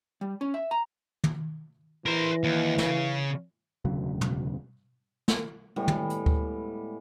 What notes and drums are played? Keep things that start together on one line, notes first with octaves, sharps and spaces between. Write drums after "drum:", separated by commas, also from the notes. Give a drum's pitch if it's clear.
G3
C#4
E5
A#5
drum: tom
E3 A#4 C5
D#2
C#3, drum: snare
E1 D2 C#3 F#3
drum: tom
drum: snare
A2 G3 G#3 B3
drum: tom
drum: hi-hat
drum: kick D2